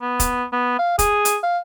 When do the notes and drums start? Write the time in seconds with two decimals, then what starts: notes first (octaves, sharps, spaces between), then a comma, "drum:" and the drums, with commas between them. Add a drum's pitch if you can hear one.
0.02 B3
0.20 drum: kick, hi-hat
0.53 B3
0.79 F5
0.99 G#4, drum: kick, hi-hat
1.25 drum: hi-hat
1.43 F5